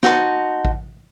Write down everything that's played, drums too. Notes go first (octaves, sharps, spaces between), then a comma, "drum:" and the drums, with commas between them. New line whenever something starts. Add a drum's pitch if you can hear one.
D#4 F#4 C5 A5, drum: snare
drum: kick A1